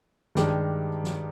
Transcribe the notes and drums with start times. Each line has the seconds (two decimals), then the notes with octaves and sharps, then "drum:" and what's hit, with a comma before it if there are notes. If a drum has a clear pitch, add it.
0.35 G2 D#3 G#3 D4 G4, drum: snare
1.04 drum: snare